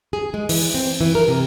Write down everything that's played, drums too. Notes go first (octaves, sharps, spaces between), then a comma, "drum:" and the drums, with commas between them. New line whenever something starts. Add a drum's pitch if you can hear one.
G#4
G#3
E3, drum: open hi-hat
C4
E3
A#4
C3